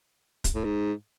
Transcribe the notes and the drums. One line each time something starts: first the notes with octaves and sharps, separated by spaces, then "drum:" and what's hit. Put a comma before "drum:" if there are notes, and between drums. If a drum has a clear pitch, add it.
drum: kick, hi-hat
A2
G#2